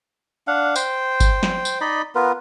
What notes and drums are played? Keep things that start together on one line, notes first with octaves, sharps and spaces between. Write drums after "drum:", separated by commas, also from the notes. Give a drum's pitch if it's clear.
D4 F5 F#5
C5 G5, drum: tambourine
drum: kick G1, tambourine
drum: snare
drum: tambourine
D#4 D5 D#5 B5
B3 F4 A#4 B4